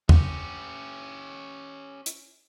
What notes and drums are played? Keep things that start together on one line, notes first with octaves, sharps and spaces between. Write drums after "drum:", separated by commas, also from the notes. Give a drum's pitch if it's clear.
C#4 G4, drum: tom
drum: hi-hat